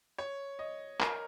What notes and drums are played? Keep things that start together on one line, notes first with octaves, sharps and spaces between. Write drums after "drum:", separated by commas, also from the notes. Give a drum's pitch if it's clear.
C#5
D#5
A#4, drum: clap